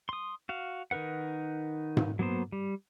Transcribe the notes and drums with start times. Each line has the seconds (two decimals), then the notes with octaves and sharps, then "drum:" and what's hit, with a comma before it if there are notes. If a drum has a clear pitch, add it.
0.09 C6 D#6
0.49 F#4 F5
0.91 D#3 D#4 A#4 B4 F#5
1.97 drum: tom G#2
2.19 F#3 A#3 B3 C5
2.52 G3